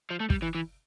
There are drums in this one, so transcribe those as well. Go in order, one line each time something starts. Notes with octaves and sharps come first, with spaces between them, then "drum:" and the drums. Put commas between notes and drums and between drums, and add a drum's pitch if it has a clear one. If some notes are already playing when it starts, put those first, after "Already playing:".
F3
A3
G3, drum: kick
E3
E3